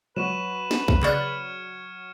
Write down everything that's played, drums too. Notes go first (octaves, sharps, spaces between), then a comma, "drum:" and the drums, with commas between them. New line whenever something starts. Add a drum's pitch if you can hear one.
F#3 B4 C#6 D#7 E7
drum: snare
drum: kick
C#3 D5 F6 F#6 G#6 C#7, drum: clap